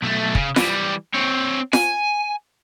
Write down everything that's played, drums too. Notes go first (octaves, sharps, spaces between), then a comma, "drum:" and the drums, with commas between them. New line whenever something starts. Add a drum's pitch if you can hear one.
B1 A3
C#3, drum: kick
E3 G3, drum: snare F4
C4 C#5
G#5, drum: snare F4